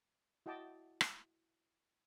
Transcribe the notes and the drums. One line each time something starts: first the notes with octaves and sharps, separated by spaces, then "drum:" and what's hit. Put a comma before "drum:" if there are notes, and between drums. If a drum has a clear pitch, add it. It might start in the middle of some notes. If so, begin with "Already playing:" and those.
E4 F#4 D#5 G5 A5 D6
drum: rim click